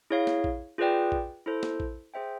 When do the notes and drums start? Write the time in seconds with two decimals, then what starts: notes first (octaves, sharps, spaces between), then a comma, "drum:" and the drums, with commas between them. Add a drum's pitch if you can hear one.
0.10 E4 G#4 C#5 F5
0.27 drum: snare
0.44 drum: kick A#1
0.78 F4 G#4 B4 D5 G5
1.12 drum: kick A#1
1.46 E4 A4 C5
1.63 drum: snare
1.80 drum: kick A#1
2.14 G#4 C5 E5 G5